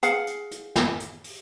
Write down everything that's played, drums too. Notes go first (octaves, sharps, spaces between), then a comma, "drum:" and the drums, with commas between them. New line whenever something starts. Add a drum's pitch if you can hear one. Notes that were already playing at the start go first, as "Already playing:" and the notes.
G#4 F5 F#5, drum: hi-hat
drum: hi-hat
drum: hi-hat
drum: snare
drum: hi-hat
drum: open hi-hat